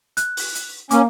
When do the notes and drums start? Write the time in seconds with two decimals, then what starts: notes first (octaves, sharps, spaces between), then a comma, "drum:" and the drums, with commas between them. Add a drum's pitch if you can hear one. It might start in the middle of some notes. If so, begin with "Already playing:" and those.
0.17 F#6, drum: hi-hat
0.37 drum: open hi-hat
0.55 drum: hi-hat
0.91 A#3 C#4 D6, drum: hi-hat